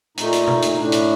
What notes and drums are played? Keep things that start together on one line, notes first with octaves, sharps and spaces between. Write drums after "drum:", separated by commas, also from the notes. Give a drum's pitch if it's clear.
A#2 A3 D#4, drum: hi-hat
drum: hi-hat
drum: tom B2
drum: hi-hat
A2 A3 D4
drum: hi-hat